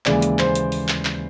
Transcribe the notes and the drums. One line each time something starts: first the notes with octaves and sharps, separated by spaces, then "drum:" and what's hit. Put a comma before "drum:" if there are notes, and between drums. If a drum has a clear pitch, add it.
D#2 C#3 E3 G#3 D5, drum: clap
drum: hi-hat
C5, drum: clap
drum: hi-hat
drum: open hi-hat
drum: clap
drum: clap